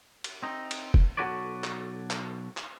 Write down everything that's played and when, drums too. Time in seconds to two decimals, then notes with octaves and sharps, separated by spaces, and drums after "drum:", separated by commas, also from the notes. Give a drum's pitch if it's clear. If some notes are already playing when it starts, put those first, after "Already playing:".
0.24 drum: cymbal
0.43 C4 D#4
0.71 drum: cymbal
0.94 drum: kick F1
1.17 B1 F#4 A4 B4 C#5 D5
1.64 drum: clap
2.10 drum: clap
2.57 drum: clap